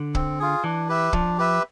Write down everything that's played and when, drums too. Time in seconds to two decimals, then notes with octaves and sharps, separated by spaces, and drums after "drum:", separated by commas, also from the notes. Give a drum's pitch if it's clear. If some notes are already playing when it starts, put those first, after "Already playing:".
Already playing: D3
0.15 C4, drum: kick
0.39 F4 G#4
0.64 E3 D4
0.89 G4 B4 E5
1.13 F3 D4, drum: kick
1.38 G4 B4 E5